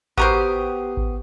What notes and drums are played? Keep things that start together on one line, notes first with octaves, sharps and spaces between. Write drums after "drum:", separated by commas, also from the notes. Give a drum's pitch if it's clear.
B3 F#4 G4 A#4 C5 D#6, drum: kick A1
drum: kick A1